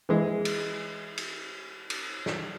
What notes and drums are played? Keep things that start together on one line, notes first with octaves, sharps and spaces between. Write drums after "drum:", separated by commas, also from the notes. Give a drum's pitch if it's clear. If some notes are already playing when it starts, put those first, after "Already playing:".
E3 G#3
drum: cymbal
drum: cymbal
drum: cymbal
drum: snare